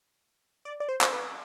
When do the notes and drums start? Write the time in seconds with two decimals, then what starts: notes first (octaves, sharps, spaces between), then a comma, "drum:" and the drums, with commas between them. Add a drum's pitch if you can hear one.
0.65 D5
0.80 D5
0.89 C5
1.01 C5, drum: clap
1.13 B4